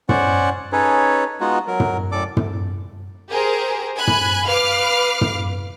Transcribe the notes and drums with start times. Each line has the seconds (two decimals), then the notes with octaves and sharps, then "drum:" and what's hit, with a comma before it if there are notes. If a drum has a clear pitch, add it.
0.09 C#4 C5 D5 F#5 C#6, drum: tom
0.72 C#4 D#4 G#4 A4 B4 C#5
1.41 G#3 B3 D#4 F4 F#4
1.67 F#3 A#4
1.80 drum: tom
2.12 F#2 A2 A4 D5 D6
2.37 drum: tom
3.30 G4 G#4 A#4 C5
3.96 G#5 B5 F#6
4.07 drum: tom
4.47 B4 F5 D6 F6 C7
5.21 drum: tom